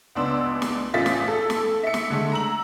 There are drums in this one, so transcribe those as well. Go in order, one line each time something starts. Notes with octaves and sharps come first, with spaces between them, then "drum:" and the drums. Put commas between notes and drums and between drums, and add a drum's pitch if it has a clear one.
C#2 B3 D4 C6 E6
drum: snare
A1 F4 A6 B6
drum: snare
A4
drum: snare
E5 C#7
drum: snare
D3 G#3 A3
A#5 E6 F#7